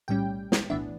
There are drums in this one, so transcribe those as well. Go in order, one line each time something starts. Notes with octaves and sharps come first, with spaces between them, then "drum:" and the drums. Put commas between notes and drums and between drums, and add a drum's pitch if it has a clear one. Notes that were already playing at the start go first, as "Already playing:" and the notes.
B1 A2 G3 C#4 G5
drum: snare
B1 A2 E3 B3 D4 E5